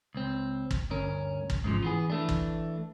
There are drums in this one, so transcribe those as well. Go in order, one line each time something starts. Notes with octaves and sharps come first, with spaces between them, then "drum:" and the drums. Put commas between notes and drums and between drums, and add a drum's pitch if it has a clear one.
C#2 C4
drum: kick
D2 G2 C#4 A#4
drum: kick
G#2 C#3 F3
E3 B3 G#4
E3 A3 D4
drum: kick